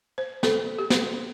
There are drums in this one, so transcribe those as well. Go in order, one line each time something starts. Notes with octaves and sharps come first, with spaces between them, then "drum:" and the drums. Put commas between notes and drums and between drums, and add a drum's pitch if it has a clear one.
C5
A4, drum: snare
G4
drum: snare